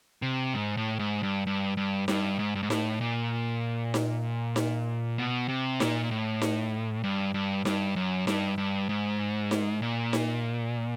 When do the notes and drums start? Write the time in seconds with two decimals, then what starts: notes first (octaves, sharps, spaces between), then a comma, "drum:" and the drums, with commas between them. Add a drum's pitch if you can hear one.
0.22 C3
0.54 G#2
0.77 A2
0.99 G#2
1.23 G2
1.47 G2
1.77 G2
2.08 G2, drum: snare D#4
2.39 G#2
2.55 G2
2.63 G#2
2.70 A2, drum: snare D#4
3.01 A#2
3.94 drum: snare D#4
4.56 drum: snare D#4
5.18 B2
5.49 C3
5.80 A#2, drum: snare D#4
6.11 A2
6.42 drum: snare D#4
7.04 G2
7.34 G2
7.65 G2, drum: snare D#4
7.96 F#2
8.27 G2, drum: snare D#4
8.58 G2
8.89 G#2
9.51 drum: snare D#4
9.82 A#2
10.13 drum: snare D#4